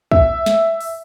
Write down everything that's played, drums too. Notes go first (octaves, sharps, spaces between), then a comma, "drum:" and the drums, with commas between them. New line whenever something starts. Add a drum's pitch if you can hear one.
E5, drum: kick
drum: snare
drum: open hi-hat